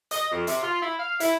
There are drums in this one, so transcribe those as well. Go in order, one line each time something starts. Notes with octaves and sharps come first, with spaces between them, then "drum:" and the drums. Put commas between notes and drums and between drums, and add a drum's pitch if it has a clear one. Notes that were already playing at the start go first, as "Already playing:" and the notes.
D#5, drum: hi-hat
F2
C3, drum: hi-hat
F4
E4
F5
E4, drum: hi-hat